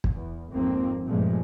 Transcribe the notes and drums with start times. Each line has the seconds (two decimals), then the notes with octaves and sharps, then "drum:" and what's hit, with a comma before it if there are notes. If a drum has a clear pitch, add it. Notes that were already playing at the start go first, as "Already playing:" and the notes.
0.04 drum: kick
0.14 E2
0.51 G#1 F2 F3 A#3 C4
1.07 G2 A#2 F3 G#3 A3